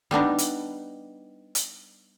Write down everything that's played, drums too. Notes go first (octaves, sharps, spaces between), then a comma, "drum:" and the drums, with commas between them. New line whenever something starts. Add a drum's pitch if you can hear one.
G3 B3 D4 D#4
drum: hi-hat
drum: hi-hat